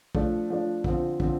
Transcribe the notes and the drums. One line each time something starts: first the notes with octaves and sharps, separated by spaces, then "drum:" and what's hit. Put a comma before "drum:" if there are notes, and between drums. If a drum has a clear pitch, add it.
F3 A3 D4, drum: kick
F3 A3 D4
D3 F3 C4, drum: kick
D3 F3 C4, drum: kick